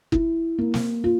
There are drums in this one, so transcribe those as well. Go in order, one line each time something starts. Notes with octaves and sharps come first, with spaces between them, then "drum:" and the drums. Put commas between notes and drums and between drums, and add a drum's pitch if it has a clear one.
E4, drum: kick F#1
A#3
drum: snare
F4